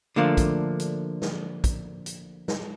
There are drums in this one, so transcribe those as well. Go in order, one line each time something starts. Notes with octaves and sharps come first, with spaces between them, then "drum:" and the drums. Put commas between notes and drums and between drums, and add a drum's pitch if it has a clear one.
D3 F3 A3 A#3 D4
drum: kick, hi-hat
drum: hi-hat
drum: snare
drum: kick, hi-hat
drum: hi-hat
drum: snare